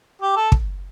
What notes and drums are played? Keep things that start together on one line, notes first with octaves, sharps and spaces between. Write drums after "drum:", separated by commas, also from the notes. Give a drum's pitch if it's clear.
G4
A4
drum: kick